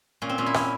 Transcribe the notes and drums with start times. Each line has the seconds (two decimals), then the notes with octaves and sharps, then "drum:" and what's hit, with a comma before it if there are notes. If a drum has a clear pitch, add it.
0.22 A#2 C#4
0.29 C4
0.38 A#2 C#4
0.46 E4
0.54 C#4, drum: rim click